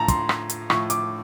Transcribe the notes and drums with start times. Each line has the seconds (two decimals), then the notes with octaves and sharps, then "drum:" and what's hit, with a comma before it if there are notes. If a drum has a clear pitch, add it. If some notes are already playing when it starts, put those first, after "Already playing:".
Already playing: A2 F3 A5 A#5
0.08 C6, drum: kick, hi-hat
0.29 drum: rim click
0.50 drum: hi-hat
0.70 A2 F3 C#6, drum: rim click
0.90 D6, drum: hi-hat